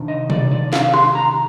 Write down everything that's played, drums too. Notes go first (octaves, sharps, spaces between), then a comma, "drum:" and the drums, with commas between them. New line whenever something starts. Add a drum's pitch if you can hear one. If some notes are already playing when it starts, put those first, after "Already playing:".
Already playing: C3 D#3 D4
D#5
D5, drum: tom B2
D5
F5, drum: snare
C6, drum: rim click
A#5